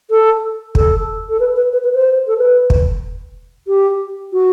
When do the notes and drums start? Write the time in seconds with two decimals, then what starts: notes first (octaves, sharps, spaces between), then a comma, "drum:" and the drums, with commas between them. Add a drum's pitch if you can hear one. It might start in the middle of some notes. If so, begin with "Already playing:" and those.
0.10 A4
0.75 A4, drum: kick
1.29 A4
1.40 B4
1.56 B4
1.72 B4
1.84 B4
1.94 C5
2.27 A4
2.37 B4
2.70 drum: kick
3.67 G4
4.32 F#4